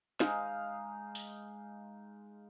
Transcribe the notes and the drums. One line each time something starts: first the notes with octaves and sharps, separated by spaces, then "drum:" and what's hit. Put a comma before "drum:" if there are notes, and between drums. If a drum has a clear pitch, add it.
G#3 D#4 F5, drum: snare
drum: open hi-hat